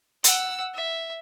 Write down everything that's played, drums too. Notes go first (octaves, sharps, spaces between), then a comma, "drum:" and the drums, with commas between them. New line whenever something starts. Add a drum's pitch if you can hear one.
F#5 E6, drum: hi-hat
E5